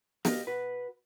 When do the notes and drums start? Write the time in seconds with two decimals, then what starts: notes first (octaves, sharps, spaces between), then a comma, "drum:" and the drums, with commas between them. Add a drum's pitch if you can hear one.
0.25 G4 D#5 F5, drum: snare
0.47 F#4 B4